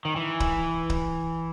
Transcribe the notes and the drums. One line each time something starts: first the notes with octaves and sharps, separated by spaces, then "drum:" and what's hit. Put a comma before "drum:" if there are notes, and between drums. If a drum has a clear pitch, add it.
D#3
E3
drum: kick
drum: kick